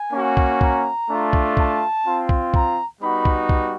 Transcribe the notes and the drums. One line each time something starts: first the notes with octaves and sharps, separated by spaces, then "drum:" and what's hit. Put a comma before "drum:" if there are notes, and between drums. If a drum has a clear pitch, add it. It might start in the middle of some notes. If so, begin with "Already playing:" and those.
Already playing: G#5
A#3 C#4 F#4
drum: kick C2
A#5, drum: kick C2
A3 D4 F4
drum: kick C2
A5, drum: kick C2
C4 F4
drum: kick C2
A#5, drum: kick C2
G3 B3 D#4 F#4 B5
drum: kick C2
drum: kick C2